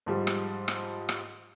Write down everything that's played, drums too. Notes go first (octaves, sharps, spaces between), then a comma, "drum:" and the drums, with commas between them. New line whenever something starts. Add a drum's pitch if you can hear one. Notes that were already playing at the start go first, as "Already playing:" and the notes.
G#2 F3 G3
drum: rim click
drum: rim click
drum: rim click